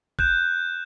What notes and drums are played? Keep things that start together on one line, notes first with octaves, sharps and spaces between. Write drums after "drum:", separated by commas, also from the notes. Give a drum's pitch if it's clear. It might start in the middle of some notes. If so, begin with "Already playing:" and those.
F#6 G6 E7, drum: kick